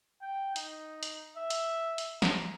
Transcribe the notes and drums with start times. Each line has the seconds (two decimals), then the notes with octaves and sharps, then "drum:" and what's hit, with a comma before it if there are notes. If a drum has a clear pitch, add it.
0.22 G5
0.56 D#4, drum: hi-hat
1.03 drum: hi-hat
1.37 E5
1.50 drum: hi-hat
1.98 drum: hi-hat
2.22 A#5, drum: snare